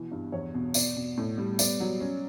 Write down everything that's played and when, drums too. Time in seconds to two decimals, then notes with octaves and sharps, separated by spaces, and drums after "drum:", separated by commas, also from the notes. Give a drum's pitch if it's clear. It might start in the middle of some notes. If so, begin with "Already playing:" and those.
Already playing: B2 E3
0.12 G2
0.32 E2 C#5
0.54 B2
0.74 B2 D5, drum: tambourine
0.96 B2
1.17 A2
1.38 G3
1.59 B3 D5, drum: tambourine
1.80 F#3
2.00 C#4